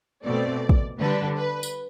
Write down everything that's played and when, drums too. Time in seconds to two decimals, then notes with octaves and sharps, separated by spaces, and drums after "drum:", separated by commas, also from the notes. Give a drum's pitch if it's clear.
0.25 B2 A3 C4 D5
0.69 drum: kick
0.99 D3 G3 D4 B4
1.37 B4
1.63 drum: tambourine